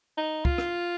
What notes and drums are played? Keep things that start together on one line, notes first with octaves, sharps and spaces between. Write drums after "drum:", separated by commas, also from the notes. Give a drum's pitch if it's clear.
D#4
F4, drum: kick
drum: rim click